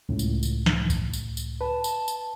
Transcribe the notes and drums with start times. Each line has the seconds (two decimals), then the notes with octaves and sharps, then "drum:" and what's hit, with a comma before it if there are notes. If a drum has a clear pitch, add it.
0.09 C#2 A2
0.19 drum: tambourine
0.43 drum: tambourine
0.66 drum: snare
0.90 drum: kick, tambourine
1.13 drum: tambourine
1.37 drum: tambourine
1.61 B4 A5
1.84 drum: tambourine
2.08 drum: tambourine